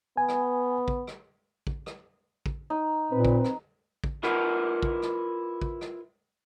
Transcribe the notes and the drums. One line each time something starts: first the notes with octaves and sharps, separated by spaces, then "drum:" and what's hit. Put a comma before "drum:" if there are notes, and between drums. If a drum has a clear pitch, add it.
B3 G#5
drum: rim click
drum: kick
drum: rim click
drum: kick
drum: rim click
drum: kick
D#4
A#2 C4 B4
drum: kick
drum: rim click
drum: kick
E4 F4 A#4 B4 F#5, drum: rim click
drum: kick
drum: rim click
drum: kick
drum: rim click